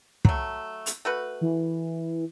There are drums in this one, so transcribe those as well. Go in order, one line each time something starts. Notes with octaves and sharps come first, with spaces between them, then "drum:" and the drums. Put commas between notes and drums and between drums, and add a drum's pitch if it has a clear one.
F#3 A3, drum: kick
drum: hi-hat
A3 F#4 B4
E3